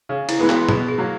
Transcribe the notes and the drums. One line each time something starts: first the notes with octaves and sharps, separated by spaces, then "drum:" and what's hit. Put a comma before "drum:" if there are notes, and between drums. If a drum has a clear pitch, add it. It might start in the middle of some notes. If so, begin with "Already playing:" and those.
C#3
E4, drum: cymbal
E3 G#3 B3
F#4, drum: clap
B2 G#4, drum: tom
G#4
F#3 A#3